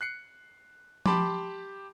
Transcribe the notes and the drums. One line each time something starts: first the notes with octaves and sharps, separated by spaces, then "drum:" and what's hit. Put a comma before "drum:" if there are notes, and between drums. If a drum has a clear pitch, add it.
F#6 C7 C#7
G4 A5 B5 C6 D6, drum: tom F3